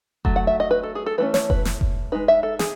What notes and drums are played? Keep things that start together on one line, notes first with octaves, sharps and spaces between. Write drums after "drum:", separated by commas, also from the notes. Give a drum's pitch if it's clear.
F#3 A3, drum: kick F1
F#5
E5
D#5
B4
A4
G#4
A4
E3 A3 C#4 B4
C#5, drum: snare
B4, drum: kick F1
drum: snare
drum: kick F1
G#3 D#4 B4
E5
A4
G#4, drum: snare